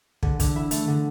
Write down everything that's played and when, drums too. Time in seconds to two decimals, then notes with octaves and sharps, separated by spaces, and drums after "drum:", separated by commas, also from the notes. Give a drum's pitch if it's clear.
0.23 D3, drum: kick
0.40 D3, drum: kick, hi-hat
0.55 E4
0.71 A3, drum: hi-hat
0.88 D3